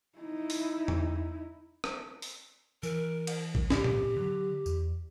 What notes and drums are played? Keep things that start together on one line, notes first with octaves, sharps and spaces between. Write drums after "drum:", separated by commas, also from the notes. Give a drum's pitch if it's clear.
D#4 E4
drum: open hi-hat
drum: tom E2
drum: rim click
drum: open hi-hat
E3 A#4, drum: tambourine
drum: cymbal
drum: kick A1
C#2 G#2 C#3 G4, drum: snare
drum: tom A#2
D3 F#3
E2, drum: tambourine